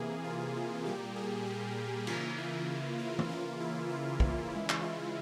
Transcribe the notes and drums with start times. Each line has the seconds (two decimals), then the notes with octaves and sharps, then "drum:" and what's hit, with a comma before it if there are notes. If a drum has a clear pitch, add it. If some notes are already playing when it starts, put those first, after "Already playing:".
Already playing: C3 E3 A#3 G#4
0.24 F4
0.85 A#2 G3 A#3 G4
1.16 G#4
1.46 G4
2.07 C#3 E3 A#3 F4, drum: cymbal
2.38 E4
2.99 F4
3.19 drum: tom E3
3.29 C#3 E3 A#3 F4
3.60 E4
3.90 F4
4.20 E4, drum: kick
4.51 C#3 E3 G#3
4.70 drum: clap
4.81 F4